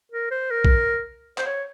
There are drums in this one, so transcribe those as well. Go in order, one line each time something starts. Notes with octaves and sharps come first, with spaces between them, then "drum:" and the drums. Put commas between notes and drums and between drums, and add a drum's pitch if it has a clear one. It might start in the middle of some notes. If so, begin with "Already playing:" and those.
A#4
C5
A#4
drum: kick A#1
C5, drum: clap
C#5